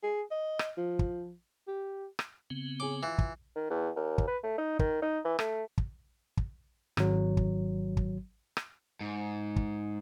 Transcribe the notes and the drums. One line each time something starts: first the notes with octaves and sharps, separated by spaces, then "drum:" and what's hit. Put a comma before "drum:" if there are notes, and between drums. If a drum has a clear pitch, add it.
G#4
D#5
drum: rim click
F3
drum: kick
G4
drum: rim click
C#3 B3 C4
C#4 G#4 D6
E3 F4
drum: kick
D#3
E2
D#2
drum: kick
B4
A3
D#4
D#3, drum: kick
D#4
E3
A3, drum: rim click
drum: kick
drum: kick
G#1 F#3, drum: rim click
drum: kick
drum: kick
drum: rim click
G#2
drum: kick